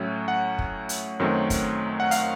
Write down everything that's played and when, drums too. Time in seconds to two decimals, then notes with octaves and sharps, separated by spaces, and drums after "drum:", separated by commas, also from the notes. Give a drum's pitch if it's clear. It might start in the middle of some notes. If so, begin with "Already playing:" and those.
Already playing: A2 F#3 A3 C#4
0.28 F#5
0.59 drum: kick
0.89 drum: hi-hat
1.19 F#2 D#3 F#3 A3 C4
1.50 drum: kick, hi-hat
2.00 F#5
2.11 F5, drum: hi-hat